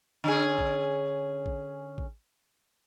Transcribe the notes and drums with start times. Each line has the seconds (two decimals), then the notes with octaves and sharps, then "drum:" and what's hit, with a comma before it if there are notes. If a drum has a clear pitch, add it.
0.24 D3 C#4 G#4
0.59 drum: kick
1.46 drum: kick
1.98 drum: kick